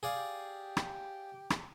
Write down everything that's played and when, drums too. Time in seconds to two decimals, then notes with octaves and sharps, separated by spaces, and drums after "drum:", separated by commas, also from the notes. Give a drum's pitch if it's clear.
0.03 G#4 D5 F5
0.16 G4
0.77 drum: rim click
1.50 drum: rim click